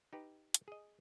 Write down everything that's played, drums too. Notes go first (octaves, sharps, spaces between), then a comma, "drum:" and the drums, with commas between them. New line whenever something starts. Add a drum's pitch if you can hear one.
D#4 G4 B4
drum: hi-hat
G#4 D#5